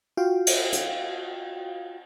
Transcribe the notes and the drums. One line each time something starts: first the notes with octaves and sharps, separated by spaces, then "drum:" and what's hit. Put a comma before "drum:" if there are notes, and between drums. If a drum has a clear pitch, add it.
F4 F#4 F5 G5
drum: cymbal
drum: hi-hat